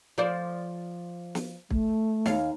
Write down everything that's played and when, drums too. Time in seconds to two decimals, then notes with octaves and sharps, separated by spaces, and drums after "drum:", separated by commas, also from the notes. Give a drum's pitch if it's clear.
0.18 F3 C5 D5
1.35 drum: snare
1.71 A3, drum: kick
2.26 D#2 F5, drum: snare